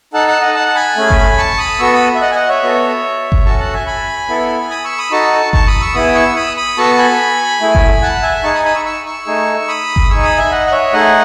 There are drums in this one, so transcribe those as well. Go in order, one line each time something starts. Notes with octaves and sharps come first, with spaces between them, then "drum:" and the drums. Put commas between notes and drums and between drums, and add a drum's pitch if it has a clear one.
D#4 A4 F#5 A5
F#5 A5
D#5 F#5
F#5 A5
A5
G#5 B5
A3 C#4 G#4
drum: kick G1
A5 C#6
B5 D#6
B3 F#4 A4 C#6 E6
B5 D#6
E5
D#5 F#5
G#5
D#5 F#5
C#5 E5
B3 F#4 A4
drum: kick G1
C#4 F#4 A4 A5 C#6
F#5 A5
E5 G#5
G#5 B5
B3 E4 A4
B5 D#6
C#6 E6
B5 D#6
D#4 F#4 A4 A5 C#6
A5 C#6, drum: kick G1
B5 D#6
C#6 E6
B3 E4 G#4 B5 D#6
C#6 E6
B5 D#6
B5 D#6
B3 F#4 A4 A5 C#6
G#5 B5
A3 E4 G#4
drum: kick G1
F#5 A5
E5 G#5
D#4 G#4 A5 C#6
B5 D#6
B5 D#6
C#6 E6
C#6 E6
C#6 E6
A3 D#4 G#4
B5 D#6
drum: kick G1
D#4 G#4 C#6 E6
B5 D#6
E5 G#5
D#5 F#5
F#5
C#5 E5
A3 D#4 G#4 D#5 F#5